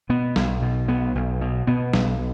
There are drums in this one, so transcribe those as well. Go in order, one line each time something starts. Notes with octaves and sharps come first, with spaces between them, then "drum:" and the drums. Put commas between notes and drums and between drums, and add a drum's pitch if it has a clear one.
B2 B3
B1, drum: snare
B2
B1 B3
B1
B2
B2 B3
B1, drum: snare